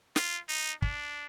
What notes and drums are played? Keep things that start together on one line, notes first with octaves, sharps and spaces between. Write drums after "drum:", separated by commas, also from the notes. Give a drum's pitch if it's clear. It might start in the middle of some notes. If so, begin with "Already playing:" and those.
F4, drum: snare
D#4
D4, drum: kick